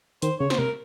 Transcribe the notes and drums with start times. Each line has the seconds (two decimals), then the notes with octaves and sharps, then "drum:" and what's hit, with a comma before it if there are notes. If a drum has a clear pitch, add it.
0.22 D#3 C5, drum: hi-hat
0.40 C#3 C#5
0.50 C5, drum: snare
0.58 C3 A#4